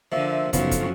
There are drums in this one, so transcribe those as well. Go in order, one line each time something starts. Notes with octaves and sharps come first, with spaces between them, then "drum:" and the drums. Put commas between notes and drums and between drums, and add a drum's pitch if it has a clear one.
D3 F3 A#3 C5 E5
F#2 A2 C#3 F3 B3 D#4, drum: kick, hi-hat
drum: kick, hi-hat